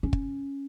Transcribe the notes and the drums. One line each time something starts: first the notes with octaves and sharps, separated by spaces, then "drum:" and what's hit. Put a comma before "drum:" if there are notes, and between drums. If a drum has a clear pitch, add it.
C#4
drum: kick